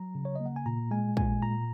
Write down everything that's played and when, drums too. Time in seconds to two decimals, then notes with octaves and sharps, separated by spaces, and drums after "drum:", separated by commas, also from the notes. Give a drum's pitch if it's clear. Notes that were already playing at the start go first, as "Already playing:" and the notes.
Already playing: F#3 A#5
0.15 C#3
0.25 C#5
0.36 A#3 D#5
0.46 F#5
0.56 G#5
0.66 A#2 A#5
0.91 G#3 G#5
1.17 A#2 G#5, drum: kick
1.42 A#2 A#5